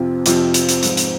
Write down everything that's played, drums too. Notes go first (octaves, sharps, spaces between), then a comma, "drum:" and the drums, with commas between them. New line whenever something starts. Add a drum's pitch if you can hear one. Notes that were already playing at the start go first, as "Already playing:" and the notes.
Already playing: F2 C3 F3 C4 F4
F2 C3 F3 C4 F4, drum: hi-hat
drum: hi-hat
drum: hi-hat
G#2 F3 C4, drum: hi-hat
drum: hi-hat